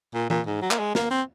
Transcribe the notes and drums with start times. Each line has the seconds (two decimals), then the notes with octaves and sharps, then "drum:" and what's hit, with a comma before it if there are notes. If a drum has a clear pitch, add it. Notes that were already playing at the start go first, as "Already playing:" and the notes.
0.14 A#2
0.30 A#2, drum: tom E3
0.46 G#2
0.62 F#3
0.71 A#3, drum: clap
0.79 G#3
0.95 A#3, drum: snare
1.10 C4